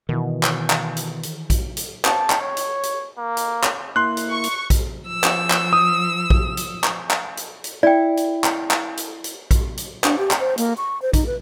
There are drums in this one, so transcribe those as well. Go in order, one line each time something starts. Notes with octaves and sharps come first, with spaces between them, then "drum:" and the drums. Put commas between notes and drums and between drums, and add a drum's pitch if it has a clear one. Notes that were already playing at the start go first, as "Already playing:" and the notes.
B2 D#3 E3
drum: clap
drum: clap
drum: hi-hat
drum: hi-hat
drum: kick A#1, hi-hat
drum: hi-hat
A5, drum: clap
drum: clap
C#5
drum: hi-hat
drum: hi-hat
A#3
drum: hi-hat
drum: clap
A#3 E4 C6 F#6
drum: hi-hat
C#6
drum: hi-hat
drum: kick A#1, hi-hat
F3 E6
drum: clap
drum: clap
D#6
drum: kick A#1
drum: hi-hat
drum: clap
drum: clap
drum: hi-hat
drum: hi-hat
E4 D5 G5
drum: hi-hat
drum: clap
drum: clap
drum: hi-hat
drum: hi-hat
drum: kick A#1, hi-hat
drum: hi-hat
D4, drum: clap
G4
drum: clap
C5
A#3, drum: hi-hat
C#6
C5
D#4, drum: kick A#1, hi-hat
B4